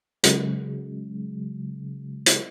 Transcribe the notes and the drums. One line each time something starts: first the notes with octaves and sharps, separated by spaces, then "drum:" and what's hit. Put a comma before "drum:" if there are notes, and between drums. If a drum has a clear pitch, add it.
C#3 F#3 G#3, drum: hi-hat
drum: hi-hat